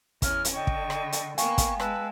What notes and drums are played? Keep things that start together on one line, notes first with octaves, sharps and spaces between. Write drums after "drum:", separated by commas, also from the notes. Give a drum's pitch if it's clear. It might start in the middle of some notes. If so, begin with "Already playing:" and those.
E2 C#4 F6, drum: kick, hi-hat
drum: hi-hat
D3 D#5 G5 C#6
drum: kick
drum: rim click
drum: hi-hat
A#3 B3 F5 G5 G#5 C#6, drum: hi-hat
drum: kick, hi-hat
G#3 B4 A5 E6, drum: rim click